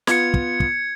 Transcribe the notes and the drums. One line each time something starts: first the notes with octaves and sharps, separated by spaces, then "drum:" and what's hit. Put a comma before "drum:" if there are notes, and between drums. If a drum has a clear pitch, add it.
B3 F4 G#6 C#7, drum: snare
drum: kick
drum: kick